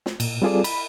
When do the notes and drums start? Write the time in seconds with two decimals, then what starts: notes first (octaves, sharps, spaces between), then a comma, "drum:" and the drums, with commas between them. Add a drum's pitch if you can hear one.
0.06 drum: snare
0.20 A#2, drum: cymbal
0.42 G3 C4 F4 G#4 A4 D5
0.64 B5, drum: cymbal